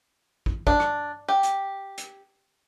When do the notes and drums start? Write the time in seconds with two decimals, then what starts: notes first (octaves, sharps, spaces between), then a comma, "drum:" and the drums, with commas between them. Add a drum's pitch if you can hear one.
0.46 drum: kick
0.67 D4, drum: kick
0.80 drum: rim click
1.29 G4
1.43 drum: hi-hat
1.98 drum: hi-hat